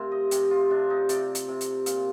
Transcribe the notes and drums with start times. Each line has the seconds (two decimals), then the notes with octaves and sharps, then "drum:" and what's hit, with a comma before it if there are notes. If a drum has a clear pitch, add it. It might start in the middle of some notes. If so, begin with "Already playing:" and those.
Already playing: C3 A3 A#4 C5 F5
0.12 D#5
0.31 C3 G4, drum: hi-hat
0.51 F4
0.70 C3 D4
0.90 D#4
1.09 C3 D5, drum: hi-hat
1.35 drum: hi-hat
1.48 C3
1.61 drum: hi-hat
1.86 A#2 F5, drum: hi-hat